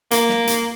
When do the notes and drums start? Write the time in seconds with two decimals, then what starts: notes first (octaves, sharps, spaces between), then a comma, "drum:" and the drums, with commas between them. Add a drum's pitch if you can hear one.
0.11 A#3, drum: hi-hat
0.29 drum: snare
0.47 drum: hi-hat